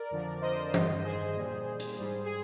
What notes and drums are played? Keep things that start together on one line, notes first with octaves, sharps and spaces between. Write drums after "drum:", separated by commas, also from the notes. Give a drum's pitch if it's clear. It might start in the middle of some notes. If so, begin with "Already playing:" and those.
Already playing: A#4 D5
F2 D3 F3
C5 D#5
G2 D#3 G3, drum: tom E3
G#4 C5
A#2 G3
drum: hi-hat
G#2 G3
G#4